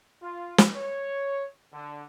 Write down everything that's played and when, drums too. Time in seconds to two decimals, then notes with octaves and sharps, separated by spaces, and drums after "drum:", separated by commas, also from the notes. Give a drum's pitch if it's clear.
0.23 F4
0.58 drum: snare
0.76 C#5
1.73 D3